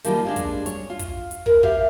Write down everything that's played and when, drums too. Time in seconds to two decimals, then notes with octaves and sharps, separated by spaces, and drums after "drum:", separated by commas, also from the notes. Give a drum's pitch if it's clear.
0.04 D#3 F3 G3 A#3 D#4 F4, drum: hi-hat
0.25 G3 G#3 D4
0.36 drum: kick, hi-hat
0.66 C#5, drum: hi-hat
0.90 F4
0.99 drum: kick, hi-hat
1.31 drum: hi-hat
1.46 A#4 B4, drum: kick
1.63 G4 E5 F5, drum: kick